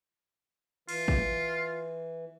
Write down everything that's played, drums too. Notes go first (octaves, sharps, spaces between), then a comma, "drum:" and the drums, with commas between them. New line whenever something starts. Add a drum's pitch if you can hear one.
E3 F4, drum: cymbal
drum: kick A1